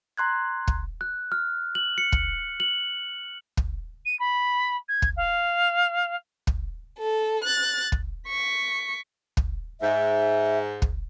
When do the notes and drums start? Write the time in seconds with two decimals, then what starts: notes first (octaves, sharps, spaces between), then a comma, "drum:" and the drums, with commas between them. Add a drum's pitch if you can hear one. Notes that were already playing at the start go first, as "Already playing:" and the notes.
0.17 A#5 C6 F#6 G#6
0.67 drum: kick
1.01 F#6
1.32 F6
1.75 F#7
1.98 C#7
2.12 drum: kick
2.60 F#7
3.57 drum: kick
4.05 D#7
4.19 B5
4.88 G#6
5.02 drum: kick
5.16 F5
6.47 drum: kick
6.99 A4
7.44 F#6 A6
7.92 drum: kick
8.28 C#6 B6
9.37 drum: kick
9.81 G#2 E5
10.82 drum: kick